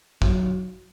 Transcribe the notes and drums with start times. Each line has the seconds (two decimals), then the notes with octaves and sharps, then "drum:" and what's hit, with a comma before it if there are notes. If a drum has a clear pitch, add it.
0.22 F#3, drum: kick